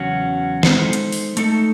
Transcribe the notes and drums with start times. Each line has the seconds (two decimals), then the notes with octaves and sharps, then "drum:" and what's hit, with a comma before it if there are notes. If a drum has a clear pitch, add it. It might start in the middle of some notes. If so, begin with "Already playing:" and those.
Already playing: E2 C#3 F#3 C#4 F#4
0.63 G#3 D#4 A4 C5, drum: snare
0.93 drum: hi-hat
1.12 drum: open hi-hat
1.37 A3 D#4 A4, drum: hi-hat